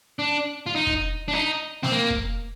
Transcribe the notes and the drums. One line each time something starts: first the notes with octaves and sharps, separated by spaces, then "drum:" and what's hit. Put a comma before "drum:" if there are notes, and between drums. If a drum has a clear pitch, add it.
D4
F4
D#4
drum: kick
D4
D#4
C4, drum: snare
A#3
drum: kick